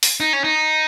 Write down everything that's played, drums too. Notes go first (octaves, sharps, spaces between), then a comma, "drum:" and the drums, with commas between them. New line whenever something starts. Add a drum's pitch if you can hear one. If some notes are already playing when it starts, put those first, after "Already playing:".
drum: open hi-hat
D#4
C#4
D#4